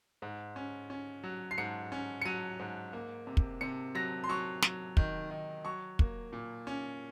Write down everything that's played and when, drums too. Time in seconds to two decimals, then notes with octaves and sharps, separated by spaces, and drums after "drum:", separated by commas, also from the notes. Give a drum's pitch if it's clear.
0.22 G#2
0.56 C#4
0.90 C#4
1.24 F#3
1.51 C7
1.58 G#2 C#7
1.92 C#4
2.22 C#7
2.25 F#3 D#7
2.59 G#2
2.93 A#3
3.27 C3
3.37 drum: kick
3.61 C3 C#7
3.95 F#3 A#6
4.24 C6
4.29 F#3 C#6
4.63 F#3, drum: snare
4.97 D#3, drum: kick
5.31 D#3
5.65 F#3 C#6
5.99 A#3, drum: kick
6.33 A#2
6.67 C#4